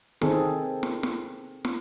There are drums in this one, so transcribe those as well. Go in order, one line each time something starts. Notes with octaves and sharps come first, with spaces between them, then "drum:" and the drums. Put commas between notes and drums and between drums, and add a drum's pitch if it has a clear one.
D#3 C4 G#4 A4, drum: snare
drum: snare
drum: snare
drum: snare